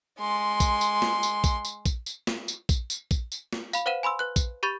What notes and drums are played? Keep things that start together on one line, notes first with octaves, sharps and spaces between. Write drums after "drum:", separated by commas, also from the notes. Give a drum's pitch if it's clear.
G#3 C6
drum: kick A#1, tambourine
drum: tambourine
drum: snare
drum: tambourine
drum: kick A#1, tambourine
drum: tambourine
drum: kick A#1, tambourine
drum: tambourine
drum: snare
drum: tambourine
drum: kick A#1, tambourine
drum: tambourine
drum: kick A#1, tambourine
drum: tambourine
drum: snare
F5 B5, drum: tambourine
B4 C5 F5 F#5 D#7 E7
G#5 B5 C6 E6
B4 F#6
drum: kick A#1, tambourine
G4 B5 C#6 G6 A6 F7